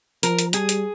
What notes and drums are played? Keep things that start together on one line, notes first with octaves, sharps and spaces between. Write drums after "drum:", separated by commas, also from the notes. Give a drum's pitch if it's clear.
F3 A#4, drum: hi-hat
drum: hi-hat
G3 G#4, drum: hi-hat
drum: hi-hat